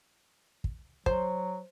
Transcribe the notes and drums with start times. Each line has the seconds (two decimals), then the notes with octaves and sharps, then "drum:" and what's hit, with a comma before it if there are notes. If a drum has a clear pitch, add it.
0.64 drum: kick
1.06 F#3 C5, drum: kick